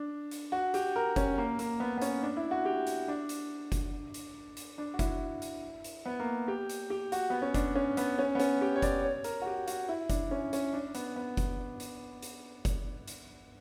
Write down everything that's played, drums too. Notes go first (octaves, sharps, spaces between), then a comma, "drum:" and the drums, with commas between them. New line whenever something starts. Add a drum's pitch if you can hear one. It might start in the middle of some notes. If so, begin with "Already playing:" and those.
Already playing: D4
drum: hi-hat
F#4
G4, drum: hi-hat
A#4
C#4, drum: kick F#1, hi-hat
A#3
A#3, drum: hi-hat
B3
B3
C#4, drum: hi-hat
D4
E4
F#4
G4
drum: hi-hat
D4
drum: hi-hat
drum: kick F#1, hi-hat
drum: hi-hat
drum: hi-hat
D4
F#4
E4, drum: kick F#1, hi-hat
drum: hi-hat
drum: hi-hat
B3
A#3
G4
drum: hi-hat
G4
F#4, drum: hi-hat
B3
C#4
D4, drum: kick F#1, hi-hat
C#4
B3, drum: hi-hat
C#4
B3
C#4, drum: hi-hat
G4
C#5
D5, drum: kick F#1, hi-hat
C#5
A#4, drum: hi-hat
F#4
G4
F#4, drum: hi-hat
E4
D4, drum: kick F#1, hi-hat
C#4
C#4, drum: hi-hat
D4
B3, drum: hi-hat
B3
drum: kick F#1, hi-hat
drum: hi-hat
drum: hi-hat
drum: kick F#1, hi-hat
drum: hi-hat